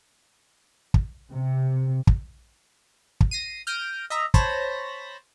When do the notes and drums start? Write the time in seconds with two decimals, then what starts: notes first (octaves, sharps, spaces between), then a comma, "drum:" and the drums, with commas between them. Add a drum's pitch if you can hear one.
0.94 drum: kick
1.32 C3
2.07 drum: kick
3.21 drum: kick
3.31 A#6 C7 D#7
3.67 F6 G6 A#6 D7 D#7
4.10 D#5 E5 A#5
4.34 C5 C#5 A5 B5 A#6, drum: kick